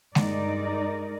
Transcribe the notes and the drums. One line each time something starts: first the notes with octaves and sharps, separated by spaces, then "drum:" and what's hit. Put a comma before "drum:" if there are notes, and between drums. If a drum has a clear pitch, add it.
G2 G#3 D#4 A#4 D5, drum: snare G#3